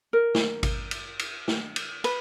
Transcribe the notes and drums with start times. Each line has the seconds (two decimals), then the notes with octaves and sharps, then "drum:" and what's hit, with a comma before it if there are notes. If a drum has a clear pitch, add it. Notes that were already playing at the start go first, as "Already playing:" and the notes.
0.13 A#4
0.35 drum: snare
0.63 drum: kick G#1, cymbal
0.91 drum: cymbal
1.19 drum: cymbal
1.48 drum: snare
1.76 drum: cymbal
2.04 B4, drum: cymbal